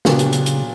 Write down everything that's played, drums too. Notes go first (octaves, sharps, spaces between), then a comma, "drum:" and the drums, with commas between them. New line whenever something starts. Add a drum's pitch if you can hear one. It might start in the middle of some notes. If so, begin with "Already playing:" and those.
A#2 C#3 F#3 B3 D4 G4, drum: snare
drum: hi-hat
drum: hi-hat
drum: hi-hat